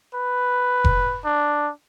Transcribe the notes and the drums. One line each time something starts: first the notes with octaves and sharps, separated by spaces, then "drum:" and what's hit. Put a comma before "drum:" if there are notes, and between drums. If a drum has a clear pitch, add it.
B4
drum: kick F1
D4